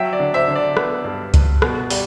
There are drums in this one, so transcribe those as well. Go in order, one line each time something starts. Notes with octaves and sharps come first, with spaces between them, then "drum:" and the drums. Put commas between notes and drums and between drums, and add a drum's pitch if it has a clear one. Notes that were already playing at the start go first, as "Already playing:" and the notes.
Already playing: F#3 E5 G5
D5
D3
C5 E5
D3
D5
B3, drum: rim click
G2
G2, drum: kick C#2, hi-hat
B2, drum: rim click
G3, drum: open hi-hat